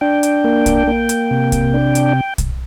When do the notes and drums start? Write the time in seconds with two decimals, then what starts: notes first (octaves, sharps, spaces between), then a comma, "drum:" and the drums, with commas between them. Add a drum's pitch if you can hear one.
0.01 D4 G5
0.23 drum: hi-hat
0.44 A#3
0.66 drum: kick, hi-hat
0.87 A#3
1.09 drum: hi-hat
1.31 C3
1.52 drum: kick, hi-hat
1.74 D4
1.95 drum: hi-hat
2.38 drum: kick, hi-hat